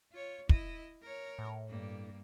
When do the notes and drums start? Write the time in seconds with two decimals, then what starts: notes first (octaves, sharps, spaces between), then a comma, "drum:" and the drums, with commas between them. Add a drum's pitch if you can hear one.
0.12 F4 C#5
0.49 E4 D#5, drum: kick
1.02 A#4 C#5
1.38 A2
1.67 G2 A#3